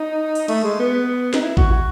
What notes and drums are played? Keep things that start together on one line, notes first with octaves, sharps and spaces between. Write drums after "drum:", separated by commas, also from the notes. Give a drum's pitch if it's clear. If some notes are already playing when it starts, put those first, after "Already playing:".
Already playing: D#4
drum: open hi-hat
A3, drum: cymbal
G#3
B3
D#4, drum: snare
E4
F#4, drum: kick G#1
F#4